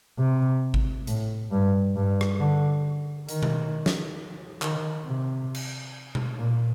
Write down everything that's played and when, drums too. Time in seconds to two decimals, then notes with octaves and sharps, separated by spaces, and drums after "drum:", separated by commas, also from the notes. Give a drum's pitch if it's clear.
0.18 C3
0.74 drum: kick G#1
1.07 A2, drum: hi-hat
1.52 G2
1.96 G2
2.21 drum: rim click
2.40 D3
3.29 D#3, drum: hi-hat
3.43 drum: tom B2
3.86 drum: snare
4.62 D#3, drum: clap
5.06 C3
5.54 drum: cymbal
6.15 drum: tom B2
6.39 A#2